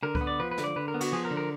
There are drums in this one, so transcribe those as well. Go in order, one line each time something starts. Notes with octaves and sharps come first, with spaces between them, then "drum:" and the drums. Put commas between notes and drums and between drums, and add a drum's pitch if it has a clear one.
D3 A#4
B4, drum: kick C#2
B3
D5
F3 B4
B4
D3, drum: snare
D5
D3 B4
A#4
B3
F#4, drum: cymbal
F3 G#4
A#4
D3
A#4